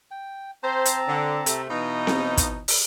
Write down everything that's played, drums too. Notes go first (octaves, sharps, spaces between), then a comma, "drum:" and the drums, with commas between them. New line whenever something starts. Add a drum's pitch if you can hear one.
G5
C4 C5 A5 A#5
drum: hi-hat
D3
C3 A3, drum: hi-hat
B2 E3 D#4 F5
drum: snare C4
drum: kick, hi-hat
drum: open hi-hat